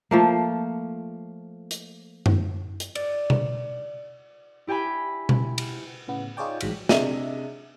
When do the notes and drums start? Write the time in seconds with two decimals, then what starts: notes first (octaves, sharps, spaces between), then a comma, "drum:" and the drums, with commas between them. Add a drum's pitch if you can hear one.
0.11 F3 A3 A#3
1.71 drum: hi-hat
2.26 drum: tom F#2
2.80 drum: hi-hat
2.95 D5, drum: cymbal
3.30 drum: tom B2
4.67 E4 G4 G5 G#5 B5
5.29 drum: tom B2
5.58 drum: cymbal
6.08 A2 C#3 B3
6.37 D#4 F4 G#4 C#5 D5 G5
6.61 A1 G#2 F#3 A#6 B6, drum: cymbal
6.89 C3 D4 G#4 D#5 E5 D#7, drum: snare